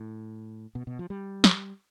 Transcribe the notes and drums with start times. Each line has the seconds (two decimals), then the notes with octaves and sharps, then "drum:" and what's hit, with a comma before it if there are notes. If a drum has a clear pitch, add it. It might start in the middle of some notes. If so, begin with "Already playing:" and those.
Already playing: A2
0.75 B2
0.87 B2
0.99 F3
1.10 G3
1.44 drum: snare